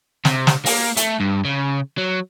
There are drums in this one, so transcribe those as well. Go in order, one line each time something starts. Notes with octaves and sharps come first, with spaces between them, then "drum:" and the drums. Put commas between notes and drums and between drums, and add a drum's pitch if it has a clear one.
C3, drum: snare
drum: snare
A#3, drum: open hi-hat
A3, drum: hi-hat
G2
C#3
F#3